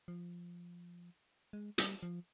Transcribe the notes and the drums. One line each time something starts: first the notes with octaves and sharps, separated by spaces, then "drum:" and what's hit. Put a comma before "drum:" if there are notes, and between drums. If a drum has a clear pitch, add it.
F3
G#3
G3, drum: hi-hat
F3